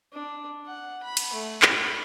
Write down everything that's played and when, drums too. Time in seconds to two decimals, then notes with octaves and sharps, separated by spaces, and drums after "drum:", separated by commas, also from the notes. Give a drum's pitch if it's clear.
0.13 D4
0.67 F#5
1.03 B5
1.17 drum: cymbal
1.33 A3
1.62 B5, drum: clap